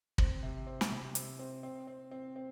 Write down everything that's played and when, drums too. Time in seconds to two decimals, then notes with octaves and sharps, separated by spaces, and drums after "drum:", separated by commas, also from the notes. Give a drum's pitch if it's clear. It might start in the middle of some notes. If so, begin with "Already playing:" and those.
0.18 C4, drum: kick
0.43 C3
0.67 C4
0.81 drum: snare
0.91 C3
1.15 C4, drum: hi-hat
1.39 C4
1.63 C4
1.87 C4
2.11 C4
2.36 C4